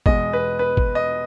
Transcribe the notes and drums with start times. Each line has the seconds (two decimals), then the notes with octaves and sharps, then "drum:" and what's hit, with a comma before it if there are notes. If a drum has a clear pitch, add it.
0.06 E2 B2 G#3 D#5, drum: kick
0.33 B4
0.59 B4
0.77 drum: kick
0.95 D#5